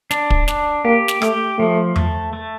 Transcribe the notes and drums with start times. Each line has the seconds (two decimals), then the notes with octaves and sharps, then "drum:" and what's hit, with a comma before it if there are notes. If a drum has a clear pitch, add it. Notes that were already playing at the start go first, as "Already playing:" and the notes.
0.11 D4, drum: snare
0.30 drum: kick
0.48 D4, drum: snare
0.85 A#3 G4
1.08 drum: snare
1.22 A3 G4, drum: rim click
1.58 F3 A3
1.96 A3, drum: tom E2
2.33 A3